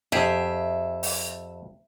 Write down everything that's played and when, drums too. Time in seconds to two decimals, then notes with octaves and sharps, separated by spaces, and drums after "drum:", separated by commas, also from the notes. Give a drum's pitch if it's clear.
0.12 F2 G4 G#4 E5
1.03 drum: open hi-hat